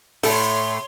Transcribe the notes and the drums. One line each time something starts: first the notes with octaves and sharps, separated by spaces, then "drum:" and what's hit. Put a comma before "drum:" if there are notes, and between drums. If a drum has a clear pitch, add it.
A2 A3 A4 C#5 C6, drum: open hi-hat